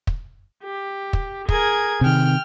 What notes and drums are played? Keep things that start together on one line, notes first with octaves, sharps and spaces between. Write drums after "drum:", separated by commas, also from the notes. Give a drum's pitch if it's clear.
drum: kick
G4
drum: kick
G#4 A#4 G#6, drum: kick
C3 D#3 G5 F6